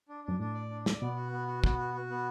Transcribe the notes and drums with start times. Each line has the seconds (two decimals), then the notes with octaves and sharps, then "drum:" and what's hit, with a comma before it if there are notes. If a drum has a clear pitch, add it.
0.09 D4
0.24 F#2 D4
0.39 A2 D4
0.55 D5
0.70 D4
0.86 D5, drum: snare
1.02 B2 B3
1.17 F#4
1.32 B3
1.48 F#4
1.64 B3, drum: kick
1.78 F#4
1.94 F#4
2.10 B3